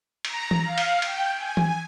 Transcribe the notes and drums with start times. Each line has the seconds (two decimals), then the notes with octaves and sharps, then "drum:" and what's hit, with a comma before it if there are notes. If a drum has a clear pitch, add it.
0.25 A#5, drum: cymbal
0.51 drum: tom E3
0.64 F5
0.78 drum: cymbal
1.02 G5, drum: cymbal
1.35 G#5
1.57 drum: tom E3